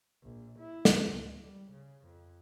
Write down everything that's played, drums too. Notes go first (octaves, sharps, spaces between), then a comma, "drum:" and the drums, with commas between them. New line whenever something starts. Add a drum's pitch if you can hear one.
A#1
E4
drum: snare
C#2
G3
C#3
F2